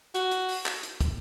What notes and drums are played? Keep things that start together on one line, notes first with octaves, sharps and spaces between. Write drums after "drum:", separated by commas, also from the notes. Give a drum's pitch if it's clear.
F#4, drum: hi-hat
drum: hi-hat
drum: open hi-hat
drum: clap
drum: hi-hat
drum: kick, hi-hat